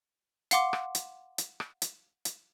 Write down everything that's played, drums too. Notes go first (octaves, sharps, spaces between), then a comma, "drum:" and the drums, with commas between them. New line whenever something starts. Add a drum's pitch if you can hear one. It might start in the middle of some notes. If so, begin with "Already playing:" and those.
F5 F#5 C6 D6, drum: hi-hat
drum: rim click
drum: hi-hat
drum: hi-hat
drum: rim click
drum: hi-hat
drum: hi-hat